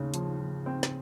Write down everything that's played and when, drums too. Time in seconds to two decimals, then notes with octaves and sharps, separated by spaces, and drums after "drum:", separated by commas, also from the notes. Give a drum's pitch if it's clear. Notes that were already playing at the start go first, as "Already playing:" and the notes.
Already playing: D#2 C#3
0.14 F3, drum: hi-hat
0.40 F3
0.66 C4
0.83 drum: snare